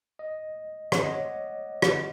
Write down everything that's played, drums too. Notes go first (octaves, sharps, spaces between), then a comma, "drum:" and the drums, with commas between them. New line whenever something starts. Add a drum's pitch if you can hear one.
D#5
F#5, drum: rim click
D#5
C#5
drum: rim click